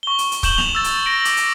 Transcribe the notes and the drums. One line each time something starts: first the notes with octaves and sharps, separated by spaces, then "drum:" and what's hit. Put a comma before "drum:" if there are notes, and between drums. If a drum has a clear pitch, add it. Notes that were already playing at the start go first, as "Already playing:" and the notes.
C#6 G7
drum: hi-hat
drum: hi-hat
C#6 G6 E7 F#7 G7, drum: kick C#1, hi-hat
F7, drum: snare
E6 A6
drum: hi-hat
A#6 D7 F#7
D6, drum: hi-hat
drum: hi-hat